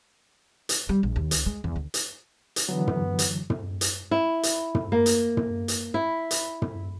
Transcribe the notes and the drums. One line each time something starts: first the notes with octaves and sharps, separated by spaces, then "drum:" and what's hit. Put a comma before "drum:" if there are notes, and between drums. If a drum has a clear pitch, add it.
drum: hi-hat
G3
A#1
D#2
C#2, drum: hi-hat
G#3
E2
D2
drum: hi-hat
drum: hi-hat
D3 E3 F#3 B3
drum: tom
drum: hi-hat
drum: tom
drum: hi-hat
E4
drum: hi-hat
drum: tom
A#3
drum: hi-hat
drum: tom
drum: hi-hat
E4
drum: hi-hat
drum: tom